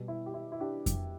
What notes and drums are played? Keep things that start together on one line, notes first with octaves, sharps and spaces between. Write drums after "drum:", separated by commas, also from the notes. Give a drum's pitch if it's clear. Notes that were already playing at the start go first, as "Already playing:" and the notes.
Already playing: B2 G3
E4
G4
E4
E4
D4 G4
drum: kick F2, hi-hat